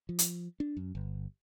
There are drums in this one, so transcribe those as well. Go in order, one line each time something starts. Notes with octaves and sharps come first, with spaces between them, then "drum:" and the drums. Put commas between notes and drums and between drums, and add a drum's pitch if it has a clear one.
F3
drum: hi-hat
D4
F#2
G1